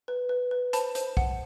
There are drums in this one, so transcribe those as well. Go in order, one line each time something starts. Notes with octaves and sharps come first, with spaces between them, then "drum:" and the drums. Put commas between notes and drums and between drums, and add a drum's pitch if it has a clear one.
B4
B4
B4
C5 A5 B5, drum: hi-hat
C5, drum: hi-hat
F#5, drum: kick